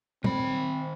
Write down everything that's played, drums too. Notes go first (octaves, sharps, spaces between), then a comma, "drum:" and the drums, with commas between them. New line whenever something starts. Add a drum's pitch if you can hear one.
D#3 C4 B5, drum: tom